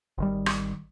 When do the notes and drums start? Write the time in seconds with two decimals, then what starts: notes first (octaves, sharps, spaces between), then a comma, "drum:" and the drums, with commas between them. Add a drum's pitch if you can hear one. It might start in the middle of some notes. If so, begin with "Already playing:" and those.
0.18 G#1 D#3 G3
0.46 drum: rim click